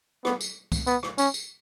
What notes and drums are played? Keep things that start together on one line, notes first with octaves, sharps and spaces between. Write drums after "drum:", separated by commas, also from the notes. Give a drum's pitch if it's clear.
B3, drum: rim click
drum: tambourine
drum: kick C#2, tambourine
B3, drum: tambourine
drum: rim click
C#4, drum: tambourine
drum: tambourine